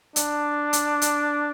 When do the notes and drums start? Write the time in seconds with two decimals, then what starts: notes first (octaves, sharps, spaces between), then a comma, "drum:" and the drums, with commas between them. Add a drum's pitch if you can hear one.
0.16 D4, drum: hi-hat
0.73 drum: hi-hat
1.02 drum: hi-hat